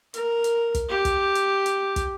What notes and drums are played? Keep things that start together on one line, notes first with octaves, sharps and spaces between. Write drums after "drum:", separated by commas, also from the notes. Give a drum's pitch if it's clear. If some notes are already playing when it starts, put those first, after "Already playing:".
A#4, drum: hi-hat
drum: hi-hat
drum: kick, hi-hat
G4
drum: kick, hi-hat
drum: hi-hat
drum: hi-hat
drum: kick, hi-hat